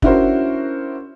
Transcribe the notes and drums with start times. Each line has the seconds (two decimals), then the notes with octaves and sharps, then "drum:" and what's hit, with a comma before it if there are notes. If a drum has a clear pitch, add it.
0.02 C#4 D4 E4 F#4 A#4 C5, drum: kick